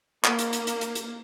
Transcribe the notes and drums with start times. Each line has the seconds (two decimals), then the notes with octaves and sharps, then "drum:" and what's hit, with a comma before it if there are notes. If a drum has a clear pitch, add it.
0.24 A#3, drum: clap
0.39 drum: hi-hat
0.53 drum: hi-hat
0.67 drum: hi-hat
0.81 drum: hi-hat
0.95 drum: hi-hat